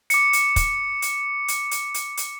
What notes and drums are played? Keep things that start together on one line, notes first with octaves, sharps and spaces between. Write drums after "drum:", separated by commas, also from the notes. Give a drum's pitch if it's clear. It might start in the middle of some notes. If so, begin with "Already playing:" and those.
D6 C#7, drum: hi-hat
drum: hi-hat
drum: kick, hi-hat
drum: hi-hat
drum: hi-hat
drum: hi-hat
drum: hi-hat
drum: hi-hat